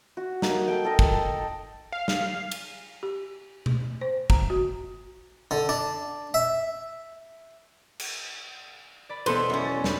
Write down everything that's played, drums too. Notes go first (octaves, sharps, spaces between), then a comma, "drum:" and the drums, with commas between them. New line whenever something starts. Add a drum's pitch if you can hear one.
F#4
F#3 A#3 D#4, drum: snare
A4 G5
A4 A#4 D#5
drum: kick
A4
F5
drum: snare
drum: cymbal
G4
drum: tom B2
C5
A#5, drum: kick
F#4
D3
D4
E5
drum: cymbal
D5 B5
E1 B3 A4 B4 C5, drum: cymbal
F#2 C#4
A6
E2 B5, drum: snare